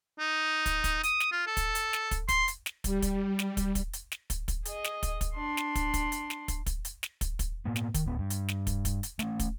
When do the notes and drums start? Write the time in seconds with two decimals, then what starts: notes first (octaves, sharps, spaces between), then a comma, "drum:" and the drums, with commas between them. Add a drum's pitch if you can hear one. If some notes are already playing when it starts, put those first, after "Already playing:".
0.19 D#4
0.66 drum: kick, hi-hat
0.84 drum: kick, hi-hat
1.03 D#6, drum: hi-hat
1.20 drum: snare
1.32 F4
1.47 A4
1.57 drum: kick, hi-hat
1.75 drum: hi-hat
1.93 drum: snare
2.11 drum: kick, hi-hat
2.28 C6, drum: kick, hi-hat
2.48 drum: hi-hat
2.66 drum: snare
2.84 G3, drum: kick, hi-hat
3.02 drum: kick, hi-hat
3.39 drum: snare
3.57 drum: kick, hi-hat
3.75 drum: kick, hi-hat
3.93 drum: hi-hat
4.12 drum: snare
4.30 drum: kick, hi-hat
4.48 drum: kick, hi-hat
4.65 G#4 D#5, drum: hi-hat
4.84 drum: snare
5.03 drum: kick, hi-hat
5.21 drum: kick, hi-hat
5.34 D4 C6
5.57 drum: snare
5.75 drum: kick, hi-hat
5.94 drum: kick, hi-hat
6.12 drum: hi-hat
6.30 drum: snare
6.48 drum: kick, hi-hat
6.66 drum: kick, hi-hat
6.85 drum: hi-hat
7.03 drum: snare
7.21 drum: kick, hi-hat
7.39 drum: kick, hi-hat
7.65 A2 A#3 B3
7.76 drum: snare
7.94 D#3, drum: kick, hi-hat
8.06 D1 B3
8.19 G2
8.30 drum: hi-hat
8.48 drum: snare
8.67 drum: kick, hi-hat
8.85 drum: kick, hi-hat
9.03 drum: hi-hat
9.19 A3 A#3 C#4, drum: snare
9.39 drum: kick, hi-hat